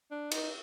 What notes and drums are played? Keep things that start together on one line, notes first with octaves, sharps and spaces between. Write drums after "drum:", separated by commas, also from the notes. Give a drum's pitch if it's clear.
D4
D#4, drum: cymbal